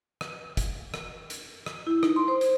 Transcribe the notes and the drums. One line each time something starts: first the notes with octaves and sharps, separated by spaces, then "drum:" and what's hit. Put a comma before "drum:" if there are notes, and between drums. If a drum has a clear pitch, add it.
drum: rim click
drum: kick, hi-hat
drum: rim click
drum: hi-hat
drum: rim click
E4
D#4, drum: rim click
C6
C5
C5, drum: hi-hat